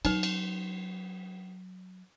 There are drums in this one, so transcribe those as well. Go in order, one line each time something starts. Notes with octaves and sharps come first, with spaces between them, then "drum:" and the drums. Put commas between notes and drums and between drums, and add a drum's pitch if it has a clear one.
F#3 D#4 B4, drum: cymbal
drum: cymbal